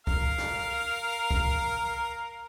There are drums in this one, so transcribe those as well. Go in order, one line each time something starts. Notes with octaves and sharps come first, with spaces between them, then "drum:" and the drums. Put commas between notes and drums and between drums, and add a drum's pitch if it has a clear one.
A#4 F5, drum: kick
drum: snare
drum: kick